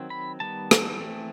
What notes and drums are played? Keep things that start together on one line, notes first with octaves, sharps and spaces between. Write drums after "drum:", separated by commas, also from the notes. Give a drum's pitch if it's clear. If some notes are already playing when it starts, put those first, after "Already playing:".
Already playing: D#3 F#3 C4
B5
D#3 G3 B3 A5
drum: rim click
E3 A3 C4